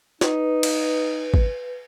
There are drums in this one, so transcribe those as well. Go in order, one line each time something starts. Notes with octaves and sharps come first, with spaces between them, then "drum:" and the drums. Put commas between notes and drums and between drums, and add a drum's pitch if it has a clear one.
D#4 B4, drum: snare
drum: cymbal
drum: kick